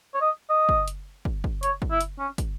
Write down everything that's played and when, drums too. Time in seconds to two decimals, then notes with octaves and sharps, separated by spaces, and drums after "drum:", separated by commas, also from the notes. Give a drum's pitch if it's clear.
0.14 C#5
0.21 D#5
0.50 D#5
0.69 drum: kick
0.88 drum: hi-hat
1.25 drum: kick
1.44 drum: kick
1.63 C#5, drum: hi-hat
1.82 drum: kick
1.91 E4
2.01 drum: hi-hat
2.19 C#4
2.38 drum: kick, hi-hat